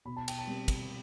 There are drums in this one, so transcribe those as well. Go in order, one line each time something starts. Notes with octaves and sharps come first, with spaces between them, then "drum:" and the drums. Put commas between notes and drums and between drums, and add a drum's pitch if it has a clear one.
B2 B5
A5
G5, drum: cymbal
A5
G3 C4
drum: kick, cymbal